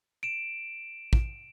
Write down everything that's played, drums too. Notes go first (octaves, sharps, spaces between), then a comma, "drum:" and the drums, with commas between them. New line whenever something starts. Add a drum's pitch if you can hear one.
D7 E7
drum: kick